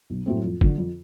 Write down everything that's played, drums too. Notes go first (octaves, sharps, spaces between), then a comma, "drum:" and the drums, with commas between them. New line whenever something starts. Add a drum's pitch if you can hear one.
B1
A2 F#3 A3 C4
F2
D3 F3, drum: kick
F2